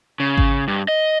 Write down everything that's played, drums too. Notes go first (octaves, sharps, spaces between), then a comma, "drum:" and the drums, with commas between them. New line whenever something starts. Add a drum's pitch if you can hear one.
C#3
drum: kick G#1
G2
D#5